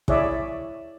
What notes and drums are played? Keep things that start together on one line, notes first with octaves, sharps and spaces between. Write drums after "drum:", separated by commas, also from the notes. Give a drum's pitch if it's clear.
E4 G#4 C#5 D5 E5, drum: kick